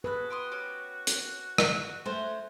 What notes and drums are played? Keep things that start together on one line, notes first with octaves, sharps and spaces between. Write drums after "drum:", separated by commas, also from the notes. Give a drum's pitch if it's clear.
F#4 G#4 A4 B4 F#6
G5 C6 D#6
C#4 G4
drum: hi-hat
drum: rim click
A3 C#4 C5